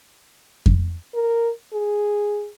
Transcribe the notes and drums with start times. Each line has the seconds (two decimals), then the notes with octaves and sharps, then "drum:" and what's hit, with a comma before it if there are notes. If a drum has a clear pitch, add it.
0.66 drum: kick F2
1.14 A#4
1.73 G#4